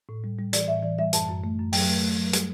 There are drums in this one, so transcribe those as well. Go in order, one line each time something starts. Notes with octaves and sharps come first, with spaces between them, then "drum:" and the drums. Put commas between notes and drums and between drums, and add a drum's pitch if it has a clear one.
A2
G3
G3
E3 D5, drum: hi-hat
A2 E5
E3 D5
G3 E5
F#2 A5, drum: hi-hat
F#2
A3
F#2
F#3 G5, drum: open hi-hat
A3
A3
F#3
G3, drum: hi-hat